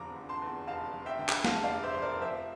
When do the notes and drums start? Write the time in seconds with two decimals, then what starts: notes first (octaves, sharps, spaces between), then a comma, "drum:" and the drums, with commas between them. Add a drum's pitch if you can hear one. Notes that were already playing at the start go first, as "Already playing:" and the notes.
Already playing: F1 E2 D3 F3 A#5 D6
0.16 D3
0.29 A5 C6
0.42 E2
0.67 F1 F5 A5
0.93 F3
1.06 E5 G5
1.19 D3
1.29 drum: clap
1.44 E2 F5 A5, drum: snare
1.64 D5 F5
1.70 F1
1.83 C5 E5
1.94 F3 C5
2.02 A#4 D5
2.21 F3 C5 E5